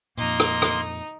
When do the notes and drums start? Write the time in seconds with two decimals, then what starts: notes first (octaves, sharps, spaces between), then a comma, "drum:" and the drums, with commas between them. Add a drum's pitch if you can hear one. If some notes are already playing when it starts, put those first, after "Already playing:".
0.18 F2 A#2 A#3 D#4 C6
0.40 drum: rim click
0.62 drum: rim click